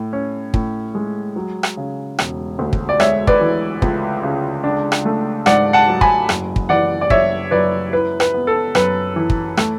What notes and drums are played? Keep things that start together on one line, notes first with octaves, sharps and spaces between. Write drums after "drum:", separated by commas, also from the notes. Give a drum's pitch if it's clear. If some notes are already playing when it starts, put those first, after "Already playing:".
Already playing: A2
C#4
A2, drum: kick
G#3
F#3
drum: rim click
C#3
E1, drum: rim click
D2
drum: kick
D5
G#3 C#5 E5, drum: rim click
B4 D5, drum: kick
E3
C#2, drum: kick
C#3
D4
drum: rim click
A3
G#2 D5 F#5, drum: rim click
F#5 A5
F#3
G#5 B5, drum: kick
F#1, drum: rim click
drum: kick
E3 D5 F#5
D5
F#1 C#5 E5, drum: kick
F#2 B4 D5
E4 B4
B4, drum: rim click
B3
A4
F#2 B4, drum: rim click
E3
drum: kick
A3, drum: rim click